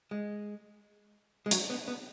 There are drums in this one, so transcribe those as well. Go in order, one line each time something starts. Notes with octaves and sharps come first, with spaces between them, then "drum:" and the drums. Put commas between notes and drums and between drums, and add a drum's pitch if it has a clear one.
G#3
G#3
F#3, drum: hi-hat
B3
B3